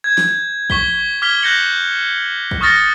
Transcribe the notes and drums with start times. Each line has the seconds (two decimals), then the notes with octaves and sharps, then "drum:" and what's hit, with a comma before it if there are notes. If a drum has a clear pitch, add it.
0.04 G6 G#6
0.18 drum: snare
0.70 C#6 B6 G7, drum: kick A#1
1.22 D6 F6 G#6 B6 G7
1.42 F#6 G6 A#6 C#7 F#7
2.51 drum: kick A#1
2.61 C#6 D#6 F6 A6 A#6 C#7